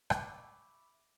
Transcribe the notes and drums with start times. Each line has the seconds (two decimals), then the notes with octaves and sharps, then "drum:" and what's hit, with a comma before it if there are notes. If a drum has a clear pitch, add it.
0.10 E5 B5 C#6 D6 E6, drum: rim click